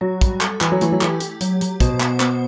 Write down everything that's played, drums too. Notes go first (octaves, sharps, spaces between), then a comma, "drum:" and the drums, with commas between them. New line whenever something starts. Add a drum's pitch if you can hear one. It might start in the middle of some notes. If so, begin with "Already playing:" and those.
F#3 F#4
G3, drum: kick, hi-hat
A4, drum: clap
E3 E4, drum: clap
F#3
E3 A3, drum: hi-hat
F#3
E3 G4, drum: clap
G4, drum: hi-hat
F#3, drum: hi-hat
F#3, drum: hi-hat
B2 C5, drum: kick, hi-hat
B3, drum: clap
B3, drum: clap